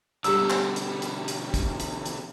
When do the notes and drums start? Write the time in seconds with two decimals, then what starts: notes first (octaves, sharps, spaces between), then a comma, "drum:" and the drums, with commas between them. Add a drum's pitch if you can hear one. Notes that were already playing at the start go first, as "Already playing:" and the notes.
0.24 B2 D3 G3 G4 A#5 E6, drum: hi-hat
0.50 drum: clap
0.76 drum: hi-hat
1.02 drum: hi-hat
1.28 drum: hi-hat
1.54 drum: kick, hi-hat
1.80 drum: hi-hat
2.06 drum: hi-hat